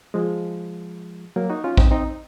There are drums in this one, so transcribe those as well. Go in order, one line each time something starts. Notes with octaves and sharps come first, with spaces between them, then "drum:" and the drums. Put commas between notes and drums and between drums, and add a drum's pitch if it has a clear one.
F3 G#3
F#3 A#3
D#4 F#4
C#4 F4
C4 D#4, drum: kick A1
C4 D#4